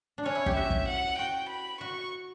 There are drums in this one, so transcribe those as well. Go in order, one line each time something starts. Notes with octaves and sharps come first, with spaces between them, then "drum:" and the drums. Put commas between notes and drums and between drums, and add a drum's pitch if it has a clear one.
D4
C#4 C#5
E4
G4, drum: kick
F#4 E5
drum: kick
F#5
F#4 G5
B5
F#4 C#6